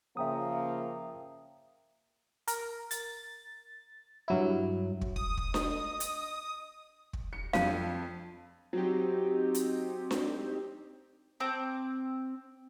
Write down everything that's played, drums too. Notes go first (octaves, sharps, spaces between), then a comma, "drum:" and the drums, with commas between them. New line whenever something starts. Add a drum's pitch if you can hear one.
C#3 F3 A#3 E5 G5 A#5 D#6
A#4, drum: hi-hat
A6, drum: hi-hat
G2 F#3 E4
drum: kick
D#6, drum: kick
drum: kick
D#5, drum: snare D4
drum: hi-hat
drum: kick
C#7
F2 F5 D#7, drum: snare D4
F#3 C4 D#4 G4
drum: hi-hat
drum: snare D4
C4 D6